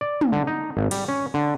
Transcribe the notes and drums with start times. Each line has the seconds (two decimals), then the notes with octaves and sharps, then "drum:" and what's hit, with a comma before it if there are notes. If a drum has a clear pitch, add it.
0.01 D5
0.21 drum: tom
0.32 D3
0.47 D#4
0.77 G#1
0.91 G3, drum: cymbal
1.08 C#4
1.34 D3